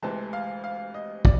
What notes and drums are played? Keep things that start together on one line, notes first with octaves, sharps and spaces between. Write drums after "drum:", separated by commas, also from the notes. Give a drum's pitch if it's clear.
D2 C3 E3 G#3 A5
F5
F5
D#5
D5, drum: kick